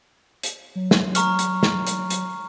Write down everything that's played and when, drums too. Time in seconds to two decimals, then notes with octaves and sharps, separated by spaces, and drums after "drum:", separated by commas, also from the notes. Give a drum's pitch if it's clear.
0.43 drum: hi-hat
0.75 F#3
0.91 drum: snare
1.15 A#5 C#6 F6, drum: hi-hat
1.39 drum: hi-hat
1.63 drum: snare
1.87 drum: hi-hat
2.10 drum: hi-hat